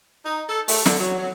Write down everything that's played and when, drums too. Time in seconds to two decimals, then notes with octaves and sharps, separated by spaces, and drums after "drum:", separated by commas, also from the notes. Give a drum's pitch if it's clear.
0.24 D#4
0.48 A4
0.68 A3, drum: open hi-hat
0.86 D3, drum: snare
0.99 F#3
1.19 F#3